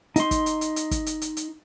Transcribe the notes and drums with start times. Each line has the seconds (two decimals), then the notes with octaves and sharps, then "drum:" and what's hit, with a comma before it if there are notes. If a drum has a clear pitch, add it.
0.16 D#4 C6, drum: hi-hat
0.31 drum: kick, hi-hat
0.46 drum: hi-hat
0.61 drum: hi-hat
0.76 drum: hi-hat
0.91 drum: kick, hi-hat
1.06 drum: hi-hat
1.22 drum: hi-hat
1.37 drum: hi-hat